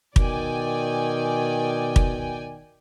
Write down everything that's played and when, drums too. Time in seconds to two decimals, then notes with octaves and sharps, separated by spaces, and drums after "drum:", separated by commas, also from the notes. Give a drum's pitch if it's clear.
0.16 B2 D#3 D5 G5 G#5, drum: kick
1.96 drum: kick